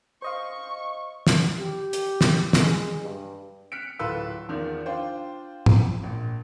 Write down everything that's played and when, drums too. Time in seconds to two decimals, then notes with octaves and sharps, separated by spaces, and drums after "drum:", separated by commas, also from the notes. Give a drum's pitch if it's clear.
0.22 C5 D#5 F5 C#6
1.27 drum: snare
1.58 G4
1.93 drum: hi-hat
2.21 drum: snare
2.53 G#3, drum: snare
3.02 G2
3.72 F6 F#6 B6 C#7 D7
3.99 D1 F4 A4 B4 C6 E6
4.49 E2 D#3 F3
4.86 D4 F4 C5 G5
5.66 drum: tom
6.03 A#1 A#2